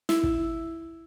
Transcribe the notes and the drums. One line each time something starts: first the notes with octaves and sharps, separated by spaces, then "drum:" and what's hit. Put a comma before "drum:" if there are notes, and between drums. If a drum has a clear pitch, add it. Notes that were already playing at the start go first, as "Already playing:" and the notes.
E4, drum: snare
drum: kick